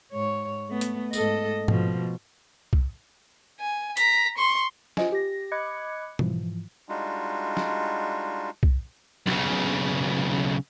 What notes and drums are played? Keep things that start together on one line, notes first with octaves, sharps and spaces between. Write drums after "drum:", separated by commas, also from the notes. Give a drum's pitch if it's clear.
G#2 C#5
A3 B3
drum: hi-hat
G#2 A4 D#5, drum: tambourine
B2 F3, drum: tom G#2
drum: kick B1
G#5
A#5 B6, drum: hi-hat
C6 C#6
F4 C5 D#5 G#5, drum: snare
G4 A#6
D#5 B5 D6 F#6 G#6 C#7
G#2 E3 F3, drum: tom B2
G3 G#3 D4 D#4 F4 F#4
drum: snare
drum: kick B1
B1 C#3, drum: snare